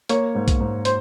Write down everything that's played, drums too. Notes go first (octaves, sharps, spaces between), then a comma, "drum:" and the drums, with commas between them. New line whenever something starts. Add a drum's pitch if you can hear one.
A#3 C#5, drum: hi-hat
G#2
drum: kick B1, hi-hat
G#2
C5, drum: hi-hat